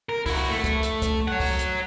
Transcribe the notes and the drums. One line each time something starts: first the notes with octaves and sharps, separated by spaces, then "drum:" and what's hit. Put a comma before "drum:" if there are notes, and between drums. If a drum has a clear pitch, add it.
A#4
E4 F#4, drum: kick, open hi-hat
A3
drum: kick, hi-hat
drum: hi-hat
drum: kick, hi-hat
C#5 F#5
drum: kick, open hi-hat
drum: hi-hat